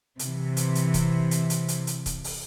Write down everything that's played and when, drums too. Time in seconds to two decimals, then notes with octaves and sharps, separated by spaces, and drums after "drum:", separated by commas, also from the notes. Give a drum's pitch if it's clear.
0.19 C3 E3, drum: hi-hat
0.57 drum: hi-hat
0.75 drum: hi-hat
0.94 drum: kick C#1, hi-hat
1.31 drum: hi-hat
1.50 drum: hi-hat
1.68 drum: hi-hat
1.87 drum: hi-hat
2.06 drum: kick C#1, hi-hat
2.24 drum: open hi-hat